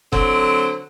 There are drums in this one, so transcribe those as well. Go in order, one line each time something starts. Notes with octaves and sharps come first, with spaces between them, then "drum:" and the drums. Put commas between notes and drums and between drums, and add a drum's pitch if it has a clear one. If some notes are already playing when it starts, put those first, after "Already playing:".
D3 F#3 C4, drum: kick F1